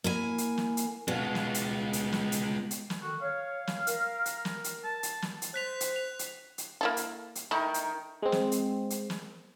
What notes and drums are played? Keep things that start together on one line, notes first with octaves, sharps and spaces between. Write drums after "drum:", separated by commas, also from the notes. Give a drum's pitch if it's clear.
A#3 E4 G#5
drum: hi-hat
drum: snare
drum: hi-hat
B2 G#3 F4
drum: snare
drum: hi-hat
drum: hi-hat
drum: snare
drum: hi-hat
drum: hi-hat
drum: snare
D3 D#3 F#4
C#5 F5
drum: snare
A#4, drum: hi-hat
drum: hi-hat
drum: snare
drum: hi-hat
A5
drum: hi-hat
drum: snare
drum: hi-hat
C5 F#6 B6 F7
drum: hi-hat
F7
drum: hi-hat
drum: hi-hat
A#3 E4 A4
drum: hi-hat
drum: hi-hat
D#3 A3 D#4 E4 A#4
drum: hi-hat
G#3 C4
drum: snare
drum: hi-hat
drum: hi-hat
drum: snare